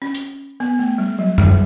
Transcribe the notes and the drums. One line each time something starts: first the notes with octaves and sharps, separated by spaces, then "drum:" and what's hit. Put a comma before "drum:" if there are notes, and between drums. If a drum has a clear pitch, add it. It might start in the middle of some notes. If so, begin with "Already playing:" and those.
C#4
drum: hi-hat
B3
A3
G3
F#3
G3, drum: tom F#2